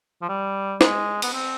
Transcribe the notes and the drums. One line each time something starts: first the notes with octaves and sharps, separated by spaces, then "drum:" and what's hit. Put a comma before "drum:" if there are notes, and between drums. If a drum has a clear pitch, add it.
F3
G3
G#3, drum: snare
B3, drum: cymbal
C4